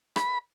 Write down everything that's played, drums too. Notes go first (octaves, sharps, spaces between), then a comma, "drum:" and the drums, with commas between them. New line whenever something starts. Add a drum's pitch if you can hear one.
B5, drum: rim click